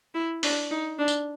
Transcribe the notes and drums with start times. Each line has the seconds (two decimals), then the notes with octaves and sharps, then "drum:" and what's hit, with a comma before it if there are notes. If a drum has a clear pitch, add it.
0.15 E4
0.43 D4, drum: open hi-hat
0.71 D#4
0.99 D4
1.08 drum: tambourine